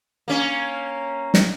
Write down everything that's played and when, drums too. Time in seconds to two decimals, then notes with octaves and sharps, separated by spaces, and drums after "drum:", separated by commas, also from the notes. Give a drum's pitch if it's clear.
0.28 A#3 C#4
1.34 drum: snare